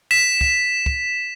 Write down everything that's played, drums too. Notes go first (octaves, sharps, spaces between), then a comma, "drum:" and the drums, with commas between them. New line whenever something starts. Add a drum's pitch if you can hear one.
B6 E7
drum: kick
drum: kick